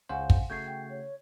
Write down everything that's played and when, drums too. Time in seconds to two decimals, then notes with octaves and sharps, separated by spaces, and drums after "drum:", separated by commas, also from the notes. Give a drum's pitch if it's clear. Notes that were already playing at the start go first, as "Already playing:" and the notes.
0.09 C#2 C#3 C5 F5 F#5 G#5
0.30 drum: kick
0.50 C#3 A3 F#4 G6 G#6 C7
0.67 G5
0.90 C#5